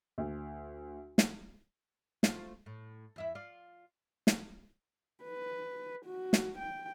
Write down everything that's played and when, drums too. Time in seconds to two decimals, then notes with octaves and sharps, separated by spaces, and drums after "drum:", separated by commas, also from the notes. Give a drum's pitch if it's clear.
0.18 D2
1.18 drum: snare
2.23 A3 F4 C5, drum: snare
2.66 A2
3.16 E2 E4 E5
3.35 F4 D5
4.27 drum: snare
5.24 B4
6.06 F#4
6.33 drum: snare
6.59 G5